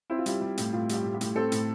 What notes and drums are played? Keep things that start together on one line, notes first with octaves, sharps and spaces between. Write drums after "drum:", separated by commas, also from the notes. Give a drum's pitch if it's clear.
C4 E4
F4
G3 E4, drum: hi-hat
G3
A2, drum: hi-hat
A2 F4
G3 G4, drum: hi-hat
A2
G4
A2, drum: hi-hat
C4 A4
A2, drum: hi-hat